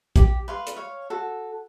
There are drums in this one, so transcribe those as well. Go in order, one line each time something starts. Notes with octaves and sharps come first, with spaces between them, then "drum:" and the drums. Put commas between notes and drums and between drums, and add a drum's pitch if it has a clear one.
G4, drum: kick, hi-hat
B4 F5 C6
drum: hi-hat
C#5 F5
F#4 A4